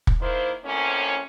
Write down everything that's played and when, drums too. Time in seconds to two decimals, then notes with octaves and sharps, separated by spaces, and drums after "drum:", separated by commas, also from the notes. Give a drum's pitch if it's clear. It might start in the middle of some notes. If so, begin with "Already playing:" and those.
0.07 drum: kick
0.21 D#3 A#3 E4 C5
0.64 F2 A2 A#3 C4 C#4